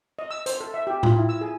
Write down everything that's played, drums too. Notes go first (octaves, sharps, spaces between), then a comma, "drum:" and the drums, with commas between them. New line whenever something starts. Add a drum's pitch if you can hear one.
D#5
E6
C5, drum: hi-hat
A4
E5
G4
F4, drum: tom A2
E4
E6
G#4